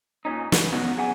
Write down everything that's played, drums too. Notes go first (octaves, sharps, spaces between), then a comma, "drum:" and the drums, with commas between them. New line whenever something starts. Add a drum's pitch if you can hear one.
A#2 C#4 D#4
G#2, drum: snare
B3 C#4 F#4 C#5 D#5 F#5
G#4 F#5 G#5